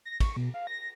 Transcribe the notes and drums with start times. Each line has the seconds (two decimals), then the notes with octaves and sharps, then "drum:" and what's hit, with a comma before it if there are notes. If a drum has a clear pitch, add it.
0.05 A#6
0.20 C#6, drum: kick, cymbal
0.36 B2
0.54 F5
0.67 A#6